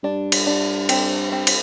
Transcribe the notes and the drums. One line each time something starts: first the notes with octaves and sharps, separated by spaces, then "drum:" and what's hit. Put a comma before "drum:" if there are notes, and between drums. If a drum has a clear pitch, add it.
G2 D4
drum: cymbal
D4
C4, drum: cymbal
C4
drum: cymbal